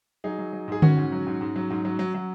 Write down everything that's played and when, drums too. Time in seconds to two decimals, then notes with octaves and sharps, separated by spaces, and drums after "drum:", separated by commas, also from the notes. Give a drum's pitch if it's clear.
0.24 F#3 D#4 G#4
0.39 F#3
0.53 F#3
0.68 G#2 G#4
0.82 G#2 C#4 F#4, drum: tom D3
0.97 G#2
1.12 F#3
1.27 G#2
1.41 G#2
1.56 F#3
1.70 G#2
1.85 F#3
1.99 F#3
2.15 F#3